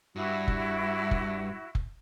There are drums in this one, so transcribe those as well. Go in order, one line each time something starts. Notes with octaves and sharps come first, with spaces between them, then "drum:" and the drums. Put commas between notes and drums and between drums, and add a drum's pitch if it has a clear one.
G2 E4 F#4
drum: kick F1
drum: kick F1
drum: kick F1